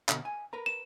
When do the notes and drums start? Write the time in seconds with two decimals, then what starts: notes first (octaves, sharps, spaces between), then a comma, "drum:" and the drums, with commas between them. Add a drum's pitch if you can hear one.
0.09 B2 D3, drum: clap
0.25 G#5
0.53 A#4 B4 A#5
0.66 E7